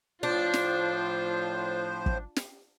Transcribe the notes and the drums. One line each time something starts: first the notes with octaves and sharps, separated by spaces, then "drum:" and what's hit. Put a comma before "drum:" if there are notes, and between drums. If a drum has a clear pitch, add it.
A2 F3 D4 F4 C5
drum: snare
drum: kick
drum: snare